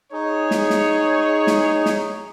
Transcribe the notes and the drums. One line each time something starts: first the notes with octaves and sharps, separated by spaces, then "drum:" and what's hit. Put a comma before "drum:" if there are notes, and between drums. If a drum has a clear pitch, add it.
D#4 G#4 C#5
drum: snare
drum: snare
drum: snare
drum: snare